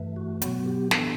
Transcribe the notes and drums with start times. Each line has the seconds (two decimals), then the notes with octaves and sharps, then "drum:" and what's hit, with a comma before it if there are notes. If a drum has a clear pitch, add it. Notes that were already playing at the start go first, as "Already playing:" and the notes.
Already playing: G2 E3 A3
0.16 F#4
0.42 B2 F#3 B3 F#4, drum: hi-hat
0.66 G4
0.91 A2 E3 B3 D4 A4, drum: snare